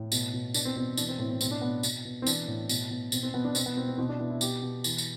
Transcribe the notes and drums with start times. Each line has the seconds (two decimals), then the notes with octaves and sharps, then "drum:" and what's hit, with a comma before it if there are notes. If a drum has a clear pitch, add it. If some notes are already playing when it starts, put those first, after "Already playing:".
Already playing: A2
0.12 B2, drum: tambourine
0.33 B2
0.54 B2 D4, drum: tambourine
0.65 C4
0.76 B2 C4
0.97 E3 D4, drum: tambourine
1.09 C4
1.19 A2 C4
1.30 C4
1.41 B2 C4, drum: tambourine
1.51 D4
1.62 B2 B3
1.83 B2, drum: tambourine
2.05 B2
2.22 C4
2.26 E3 D4, drum: tambourine
2.48 A2
2.69 B2, drum: tambourine
2.91 B2
3.12 B2 C4, drum: tambourine
3.23 C4
3.34 B2 B3
3.44 D4
3.55 B2 C4, drum: tambourine
3.66 B3
3.76 B2 C4
3.87 C4
3.98 B2 C4
4.09 D4
4.19 B2 E4
4.30 E4
4.41 B2 G4, drum: tambourine
4.63 B2
4.84 E3, drum: tambourine
4.98 drum: tambourine